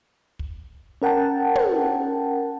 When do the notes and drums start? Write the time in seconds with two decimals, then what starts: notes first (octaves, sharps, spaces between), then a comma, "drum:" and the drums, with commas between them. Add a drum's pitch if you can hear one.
0.39 drum: kick
1.02 C#4 A#4 F#5 G5 A5
1.55 drum: tom